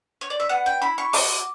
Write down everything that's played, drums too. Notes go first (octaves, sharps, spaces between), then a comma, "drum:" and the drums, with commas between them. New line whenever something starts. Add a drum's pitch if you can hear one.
C#5
D5
E5
B3 F#5
G5
E4 B5
C#6
F#4 D6, drum: open hi-hat